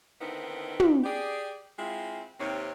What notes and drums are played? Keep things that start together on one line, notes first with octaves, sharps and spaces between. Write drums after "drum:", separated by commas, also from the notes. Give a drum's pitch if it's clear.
D3 D#3 B3 C4 D#4 E4
drum: tom
G4 G#4 D5
G#3 C4 E4 F4
D#2 C3 C4 G4 C#5